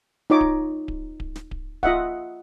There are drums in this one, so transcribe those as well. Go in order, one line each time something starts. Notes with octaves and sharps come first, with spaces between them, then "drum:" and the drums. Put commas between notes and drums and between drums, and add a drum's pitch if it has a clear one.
D#4 F4 C#5 D#5 D6
drum: kick D1
drum: kick D1
drum: kick D1
drum: snare
drum: kick D1
F4 D#5 E5 F#5, drum: kick D1